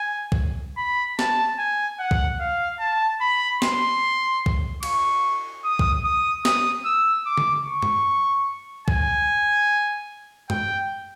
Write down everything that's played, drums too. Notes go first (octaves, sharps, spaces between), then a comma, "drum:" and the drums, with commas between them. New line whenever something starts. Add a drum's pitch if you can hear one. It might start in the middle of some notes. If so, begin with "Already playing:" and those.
Already playing: G#5
drum: kick
B5
A5, drum: snare
G#5
F#5
drum: kick
F5
A5
B5
C6, drum: snare
drum: kick
C#6, drum: cymbal
D#6
drum: kick
D#6
D#6, drum: snare
E6
D6
drum: tom C#3
C#6
drum: tom F#2
G#5, drum: kick
G5, drum: tom F#2